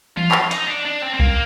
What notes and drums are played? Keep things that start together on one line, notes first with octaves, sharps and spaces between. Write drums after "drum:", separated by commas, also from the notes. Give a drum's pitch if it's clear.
F4, drum: tom E3
drum: clap
D#4, drum: hi-hat
D4
D4
C4
C4
A#3, drum: kick C2